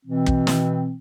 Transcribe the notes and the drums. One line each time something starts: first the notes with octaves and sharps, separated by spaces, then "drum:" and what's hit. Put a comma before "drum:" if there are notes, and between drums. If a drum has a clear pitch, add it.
B2 E3 C4
drum: kick
drum: snare